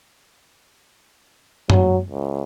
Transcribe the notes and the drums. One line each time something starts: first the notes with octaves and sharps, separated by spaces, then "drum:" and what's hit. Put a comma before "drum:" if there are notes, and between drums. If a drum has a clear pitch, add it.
F#3, drum: tom
C#2